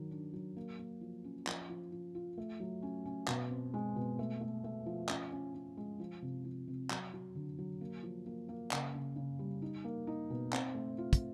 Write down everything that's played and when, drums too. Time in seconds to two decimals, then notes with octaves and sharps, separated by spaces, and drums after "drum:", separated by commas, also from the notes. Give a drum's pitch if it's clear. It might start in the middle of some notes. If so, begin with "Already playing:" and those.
Already playing: D#3 F#3
0.11 D4
0.33 F#3
0.56 A#3
0.79 A#3
1.01 F3
1.24 C#4
1.47 F3, drum: clap
1.69 F3
1.92 F3
2.15 F4
2.38 A3
2.60 F#3
2.82 C#4
3.06 C#4
3.28 B2, drum: clap
3.50 C4
3.74 G#3
3.96 B2
4.19 A3
4.41 A3
4.64 A3
4.86 F3
5.09 C#4, drum: clap
5.32 C#4
5.54 C#4
5.77 G#3
6.00 F3
6.22 C3
6.45 F3
6.68 C3
6.90 F#3, drum: clap
7.13 F#3
7.35 D3
7.58 F#3
7.81 A#3
8.03 F3
8.26 A#3
8.49 A#3
8.71 C#3, drum: clap
8.94 C#3
9.16 C#3
9.39 G3
9.62 D#4
9.84 A#3
10.07 D#4
10.30 B2
10.53 C4, drum: clap
10.74 A3
10.98 F4
11.13 drum: kick, hi-hat